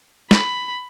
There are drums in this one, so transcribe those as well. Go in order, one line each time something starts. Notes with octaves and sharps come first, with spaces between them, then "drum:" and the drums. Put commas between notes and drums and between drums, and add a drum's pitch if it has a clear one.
B5, drum: snare